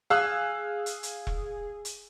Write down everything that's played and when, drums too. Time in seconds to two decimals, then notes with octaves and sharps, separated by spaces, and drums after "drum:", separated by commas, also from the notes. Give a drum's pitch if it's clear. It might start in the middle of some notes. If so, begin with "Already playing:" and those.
0.10 G#4 F5 E6 F#6
0.86 drum: hi-hat
1.03 drum: hi-hat
1.27 drum: kick E1
1.85 drum: hi-hat